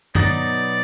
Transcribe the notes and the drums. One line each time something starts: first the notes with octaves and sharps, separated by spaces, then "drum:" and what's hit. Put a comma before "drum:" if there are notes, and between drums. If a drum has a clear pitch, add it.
B2 F#3 B3 D#4 D5, drum: tom